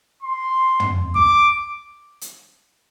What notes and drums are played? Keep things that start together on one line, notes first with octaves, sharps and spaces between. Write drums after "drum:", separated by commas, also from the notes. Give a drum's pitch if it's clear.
C6
drum: tom
D6, drum: kick
drum: hi-hat